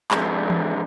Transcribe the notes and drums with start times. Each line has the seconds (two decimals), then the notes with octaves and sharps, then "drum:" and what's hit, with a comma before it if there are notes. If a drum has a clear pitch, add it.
0.11 F2 G#2, drum: clap
0.50 drum: tom E3